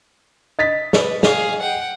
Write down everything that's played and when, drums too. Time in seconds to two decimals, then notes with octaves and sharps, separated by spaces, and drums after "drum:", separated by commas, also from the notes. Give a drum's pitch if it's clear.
0.59 D#5 A6 B6
0.93 B4, drum: snare
1.23 G#4 F5, drum: snare
1.61 F#5 G5